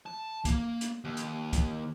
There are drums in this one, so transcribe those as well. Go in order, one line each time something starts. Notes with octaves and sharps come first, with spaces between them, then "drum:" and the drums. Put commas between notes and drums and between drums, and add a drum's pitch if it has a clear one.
A5
A#3, drum: kick, hi-hat
drum: hi-hat
D#2
drum: hi-hat
drum: kick, hi-hat